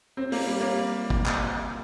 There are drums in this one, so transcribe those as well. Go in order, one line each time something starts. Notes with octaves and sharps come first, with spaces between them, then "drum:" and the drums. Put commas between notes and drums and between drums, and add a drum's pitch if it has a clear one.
C4
A#3, drum: open hi-hat
G3
A#3
drum: kick
drum: clap